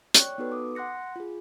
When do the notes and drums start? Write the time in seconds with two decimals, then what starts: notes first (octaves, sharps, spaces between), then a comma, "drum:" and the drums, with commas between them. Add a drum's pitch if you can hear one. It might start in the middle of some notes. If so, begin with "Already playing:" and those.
0.14 C#5 D5 G5 C#6 F#6, drum: hi-hat
0.38 B3 D#4 F#4 A4 B4
0.52 D6 D#6
0.75 F#5 C6 F#6 A#6 C#7
1.16 F4 G#4